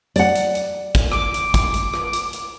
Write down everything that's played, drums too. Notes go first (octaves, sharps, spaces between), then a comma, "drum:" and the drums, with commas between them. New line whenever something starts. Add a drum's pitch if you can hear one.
D5 F#5, drum: hi-hat
drum: hi-hat
drum: hi-hat
drum: kick, hi-hat
D6, drum: rim click
drum: hi-hat
drum: kick, hi-hat
drum: hi-hat
drum: rim click
drum: hi-hat
drum: hi-hat